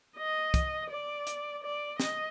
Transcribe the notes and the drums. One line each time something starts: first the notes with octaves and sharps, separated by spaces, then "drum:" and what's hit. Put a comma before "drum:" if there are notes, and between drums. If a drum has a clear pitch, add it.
D#5
drum: kick, hi-hat
D5
drum: hi-hat
D5
D#5, drum: snare